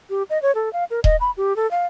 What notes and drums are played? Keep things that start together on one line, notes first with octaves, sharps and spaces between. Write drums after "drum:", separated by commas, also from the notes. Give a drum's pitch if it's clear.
G4
D#5
C#5
A4
F5
A#4
D#5, drum: kick D#1
B5
G4
A4
F5